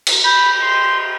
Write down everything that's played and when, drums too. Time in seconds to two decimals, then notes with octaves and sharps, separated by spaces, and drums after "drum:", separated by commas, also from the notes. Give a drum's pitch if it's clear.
0.07 drum: cymbal
0.25 B5 G6
0.62 C6